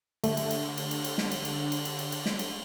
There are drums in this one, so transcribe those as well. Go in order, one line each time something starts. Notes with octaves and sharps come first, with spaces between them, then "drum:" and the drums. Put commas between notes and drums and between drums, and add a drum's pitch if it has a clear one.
D3 A3, drum: cymbal
drum: cymbal
drum: cymbal
drum: cymbal
drum: cymbal
drum: cymbal
drum: snare
drum: cymbal
drum: cymbal
drum: cymbal
drum: cymbal
drum: cymbal
drum: cymbal
drum: snare
drum: cymbal